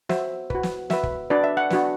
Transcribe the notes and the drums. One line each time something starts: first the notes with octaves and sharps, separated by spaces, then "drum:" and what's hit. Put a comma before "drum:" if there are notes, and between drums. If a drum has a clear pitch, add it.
F#4 C5 E5, drum: snare
F#4 B4, drum: kick
drum: snare
F#4 B4 E5, drum: snare
drum: kick
D4 F#4 B4 D5
E5
F#5
D4 F#4 B4, drum: snare